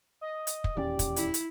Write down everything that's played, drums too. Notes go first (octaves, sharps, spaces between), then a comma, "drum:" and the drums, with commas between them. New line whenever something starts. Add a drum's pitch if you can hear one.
D#5
drum: hi-hat
drum: kick
D#1 E2 C#4 G4 D5
drum: kick, hi-hat
E4, drum: hi-hat
drum: hi-hat